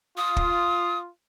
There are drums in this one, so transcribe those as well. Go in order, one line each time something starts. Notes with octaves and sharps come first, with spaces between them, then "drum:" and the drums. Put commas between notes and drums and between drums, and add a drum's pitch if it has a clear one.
F4 D#6
drum: kick